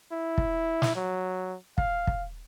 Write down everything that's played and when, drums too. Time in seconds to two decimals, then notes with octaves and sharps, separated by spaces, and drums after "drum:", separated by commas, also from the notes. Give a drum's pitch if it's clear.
0.12 E4
0.38 drum: kick
0.82 drum: snare
0.96 F#3
1.78 F5, drum: kick
2.07 drum: kick